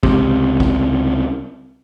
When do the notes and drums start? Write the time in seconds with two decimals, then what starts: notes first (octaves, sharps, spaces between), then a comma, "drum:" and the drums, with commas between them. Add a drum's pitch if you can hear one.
0.03 C#2 C3, drum: kick
0.60 drum: kick